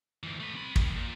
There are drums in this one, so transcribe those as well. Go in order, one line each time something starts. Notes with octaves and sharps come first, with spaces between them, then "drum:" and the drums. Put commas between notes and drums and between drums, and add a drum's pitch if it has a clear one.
D2 E3
A3 B4
C4 B5
A2 D#3, drum: kick
A#2